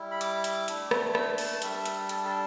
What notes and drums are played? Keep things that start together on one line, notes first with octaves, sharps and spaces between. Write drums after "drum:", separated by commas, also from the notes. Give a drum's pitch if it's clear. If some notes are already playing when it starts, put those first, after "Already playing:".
Already playing: G3 E4
B5
D6, drum: hi-hat
drum: hi-hat
A3 D4, drum: hi-hat
drum: rim click
E6, drum: rim click
A5, drum: open hi-hat
G3 D4 E5, drum: hi-hat
drum: hi-hat
A4, drum: hi-hat
A4